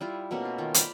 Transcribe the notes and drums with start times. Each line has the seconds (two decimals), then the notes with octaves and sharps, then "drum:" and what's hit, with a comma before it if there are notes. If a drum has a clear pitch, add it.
0.01 G3 E4 F4
0.31 B2 A3 A#3 C#4
0.45 F4
0.58 D#3 F4
0.74 C5 D5 F5 B5, drum: hi-hat